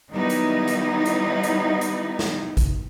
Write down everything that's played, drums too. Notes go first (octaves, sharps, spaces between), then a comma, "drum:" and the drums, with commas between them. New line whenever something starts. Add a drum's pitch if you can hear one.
D#3 F#3 G3 B3 D#4 E4
drum: hi-hat
drum: hi-hat
drum: hi-hat
drum: hi-hat
drum: hi-hat
drum: snare
drum: kick G#1, hi-hat